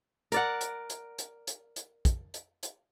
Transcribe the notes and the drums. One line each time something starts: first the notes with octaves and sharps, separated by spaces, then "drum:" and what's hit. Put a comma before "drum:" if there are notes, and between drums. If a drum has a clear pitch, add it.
A#4 D5 F#5, drum: hi-hat
drum: hi-hat
drum: hi-hat
drum: hi-hat
drum: hi-hat
drum: hi-hat
drum: kick, hi-hat
drum: hi-hat
drum: hi-hat